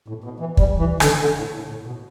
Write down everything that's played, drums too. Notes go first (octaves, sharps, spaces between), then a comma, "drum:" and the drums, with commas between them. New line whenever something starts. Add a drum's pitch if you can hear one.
A2
B2
E3
G3, drum: kick
E3
D3, drum: rim click
D3
A2
A2
A2
B2